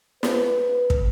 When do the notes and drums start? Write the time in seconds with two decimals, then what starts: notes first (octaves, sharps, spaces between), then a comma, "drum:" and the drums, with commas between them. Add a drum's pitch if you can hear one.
0.23 B4, drum: snare
0.90 drum: kick